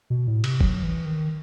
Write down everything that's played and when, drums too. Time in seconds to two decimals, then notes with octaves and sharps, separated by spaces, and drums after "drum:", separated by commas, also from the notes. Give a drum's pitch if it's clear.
0.10 B2
0.27 A2
0.44 C3, drum: cymbal
0.61 F#3, drum: kick
0.83 E3
1.05 D#3